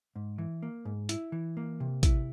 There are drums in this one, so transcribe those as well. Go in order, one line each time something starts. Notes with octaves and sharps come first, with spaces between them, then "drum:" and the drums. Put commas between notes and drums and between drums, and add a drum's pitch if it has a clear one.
G#2
E3
A#3
G#2
E4, drum: hi-hat
E3
A#3
C3
E4, drum: kick, hi-hat